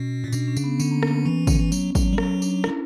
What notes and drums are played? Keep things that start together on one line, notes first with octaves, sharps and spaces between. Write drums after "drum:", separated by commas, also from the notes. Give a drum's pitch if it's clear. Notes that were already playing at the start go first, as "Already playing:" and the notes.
Already playing: B2 C#4
A#2
B2 D4, drum: tambourine
C#4
C#3, drum: tambourine
B3
D3 C#4, drum: tambourine
A#3
A#3, drum: rim click
B3
E3 C#4
D3, drum: kick, tambourine
E3
F#3, drum: tambourine
F#3, drum: kick, tambourine
G3
F#3 C#4, drum: rim click
D4, drum: tambourine
G3 E4, drum: rim click